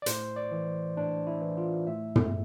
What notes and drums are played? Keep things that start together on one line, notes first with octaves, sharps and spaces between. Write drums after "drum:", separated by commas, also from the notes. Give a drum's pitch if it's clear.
D5
A2 C5, drum: hi-hat
D5
E3
A2 D4
E4
E3
F4
A2 E5
drum: tom